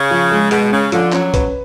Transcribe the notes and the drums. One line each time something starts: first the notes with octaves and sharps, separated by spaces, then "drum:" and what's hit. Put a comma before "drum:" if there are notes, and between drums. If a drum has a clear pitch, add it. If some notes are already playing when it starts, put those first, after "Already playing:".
Already playing: C#3
F3
G#3
B2 G#3, drum: hi-hat
C#3 C#4
D3 F3, drum: hi-hat
F#3 C#4, drum: clap
B4, drum: kick B1, hi-hat